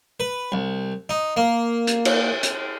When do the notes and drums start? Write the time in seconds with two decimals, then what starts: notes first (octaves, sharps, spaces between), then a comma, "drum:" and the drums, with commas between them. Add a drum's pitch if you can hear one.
0.20 B4
0.52 C2
1.09 D#4
1.37 A#3
1.87 drum: hi-hat
2.05 drum: cymbal
2.43 drum: hi-hat